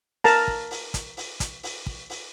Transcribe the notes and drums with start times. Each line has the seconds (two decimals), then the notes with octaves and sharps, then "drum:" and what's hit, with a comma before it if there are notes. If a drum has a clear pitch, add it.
0.24 A#4 A5 A#5, drum: open hi-hat
0.48 drum: kick
0.71 drum: open hi-hat
0.94 drum: kick, hi-hat
1.17 drum: open hi-hat
1.40 drum: kick, hi-hat
1.63 drum: open hi-hat
1.86 drum: kick
2.10 drum: open hi-hat